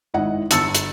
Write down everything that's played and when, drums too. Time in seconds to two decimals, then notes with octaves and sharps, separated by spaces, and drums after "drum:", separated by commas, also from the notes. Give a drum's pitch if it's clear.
0.14 G#1 E4 D#5 F#5
0.51 G1 A5 E6 A6 C#7, drum: hi-hat
0.75 drum: hi-hat